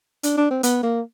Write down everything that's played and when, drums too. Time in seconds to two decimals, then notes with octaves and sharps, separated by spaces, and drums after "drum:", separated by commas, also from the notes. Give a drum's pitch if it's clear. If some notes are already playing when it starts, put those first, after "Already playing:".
0.23 D4, drum: hi-hat
0.37 D4
0.50 C4
0.63 B3, drum: hi-hat
0.83 A#3